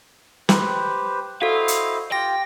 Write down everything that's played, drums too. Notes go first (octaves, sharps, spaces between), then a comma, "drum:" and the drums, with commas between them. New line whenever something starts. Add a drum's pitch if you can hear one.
G4 B4 C5, drum: snare
E4 F#4 A4 C5 D#5 F5
drum: hi-hat
F4 G4 G5 A#6